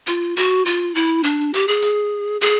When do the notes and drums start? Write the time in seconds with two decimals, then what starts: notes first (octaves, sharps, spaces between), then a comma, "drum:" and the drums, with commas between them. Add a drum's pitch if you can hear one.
0.07 F4, drum: hi-hat
0.37 F#4, drum: hi-hat
0.66 F4, drum: hi-hat
0.95 E4
1.24 D4, drum: hi-hat
1.54 G4, drum: hi-hat
1.68 G#4
1.82 drum: hi-hat
2.41 G#4, drum: hi-hat